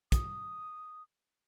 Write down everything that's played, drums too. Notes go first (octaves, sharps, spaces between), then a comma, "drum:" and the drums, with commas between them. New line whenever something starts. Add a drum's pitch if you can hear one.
D#6, drum: kick, hi-hat